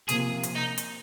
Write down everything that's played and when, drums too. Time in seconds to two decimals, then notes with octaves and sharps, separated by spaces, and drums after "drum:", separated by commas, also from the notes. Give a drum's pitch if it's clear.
0.09 C3 F3 A#3 G#4, drum: hi-hat
0.43 drum: hi-hat
0.55 D#4
0.78 drum: hi-hat